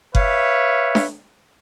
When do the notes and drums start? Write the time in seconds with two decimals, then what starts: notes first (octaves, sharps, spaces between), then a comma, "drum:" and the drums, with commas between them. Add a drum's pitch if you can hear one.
0.15 B4 C#5 E5 F5, drum: kick F#1
0.95 drum: snare D4